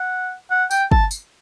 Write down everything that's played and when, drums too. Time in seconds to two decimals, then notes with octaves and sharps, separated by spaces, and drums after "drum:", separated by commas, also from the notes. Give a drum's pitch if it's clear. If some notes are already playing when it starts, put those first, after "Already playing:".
Already playing: F#5
0.51 F#5
0.71 G5, drum: tambourine
0.92 A5, drum: kick
1.11 drum: tambourine